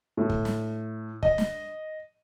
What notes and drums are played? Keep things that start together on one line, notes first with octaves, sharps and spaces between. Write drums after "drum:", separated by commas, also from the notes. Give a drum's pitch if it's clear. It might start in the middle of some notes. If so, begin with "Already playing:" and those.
A2
drum: kick
drum: snare
D#5, drum: kick
drum: snare